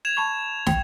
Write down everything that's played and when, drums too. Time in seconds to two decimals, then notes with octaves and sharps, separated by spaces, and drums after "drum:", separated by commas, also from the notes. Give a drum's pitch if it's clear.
0.05 G#6 E7 F7
0.17 A5 B5 C#6
0.66 G5, drum: snare